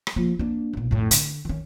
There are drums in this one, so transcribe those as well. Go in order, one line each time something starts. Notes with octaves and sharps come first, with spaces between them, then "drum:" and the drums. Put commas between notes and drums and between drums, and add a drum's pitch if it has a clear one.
drum: rim click
F3 A#3
A#3 D4
B1 A#2
F2 A2
D3, drum: hi-hat
D#3 C#4